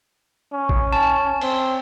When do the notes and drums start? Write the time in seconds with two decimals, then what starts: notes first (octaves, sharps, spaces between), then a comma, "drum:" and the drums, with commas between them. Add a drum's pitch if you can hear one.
0.53 C#4
0.69 drum: kick A1
0.93 A5
1.41 C4, drum: cymbal